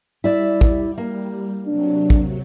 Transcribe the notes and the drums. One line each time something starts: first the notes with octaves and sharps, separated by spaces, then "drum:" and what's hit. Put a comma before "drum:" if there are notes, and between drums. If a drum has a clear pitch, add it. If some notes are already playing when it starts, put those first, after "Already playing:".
G3 E4 D5 E5
drum: kick
A#3
C3 F#3 D4
drum: kick